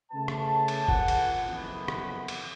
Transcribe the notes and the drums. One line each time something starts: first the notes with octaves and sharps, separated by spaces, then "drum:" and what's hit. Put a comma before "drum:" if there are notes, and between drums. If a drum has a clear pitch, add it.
C#3 A3 C#4 B4 A5
drum: rim click
drum: cymbal
F4 G#4 A#4 C5 F#5, drum: kick
drum: cymbal
F#1 F2 D#3 E3 F#3 B3
drum: rim click
drum: cymbal